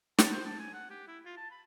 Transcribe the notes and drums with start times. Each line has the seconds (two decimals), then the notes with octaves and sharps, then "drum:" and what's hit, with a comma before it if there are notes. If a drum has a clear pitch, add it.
0.18 A5, drum: snare
0.32 C5
0.46 A5
0.59 G#5
0.74 F#5
0.90 G4
1.08 E4
1.25 F4
1.37 A5
1.51 B5